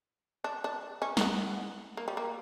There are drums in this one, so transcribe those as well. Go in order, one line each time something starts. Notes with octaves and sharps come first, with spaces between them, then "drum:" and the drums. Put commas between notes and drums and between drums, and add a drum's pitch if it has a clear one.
D4
D4
C#4
A#3, drum: snare
B3
A#3
G3
A#3